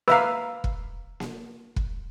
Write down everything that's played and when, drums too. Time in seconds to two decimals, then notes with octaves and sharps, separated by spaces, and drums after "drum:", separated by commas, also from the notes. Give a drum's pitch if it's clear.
0.08 B4 E5 F5 A#5 E6, drum: snare A#3
0.64 drum: kick
1.20 drum: snare A#3
1.76 drum: kick